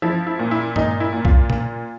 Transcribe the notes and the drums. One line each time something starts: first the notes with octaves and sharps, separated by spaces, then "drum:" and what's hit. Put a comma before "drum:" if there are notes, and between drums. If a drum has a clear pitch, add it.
F3 E4
E4
A#2
E4
A#2 D#4, drum: tom
E4
A#2
F4, drum: kick B1
A#2, drum: tom A#2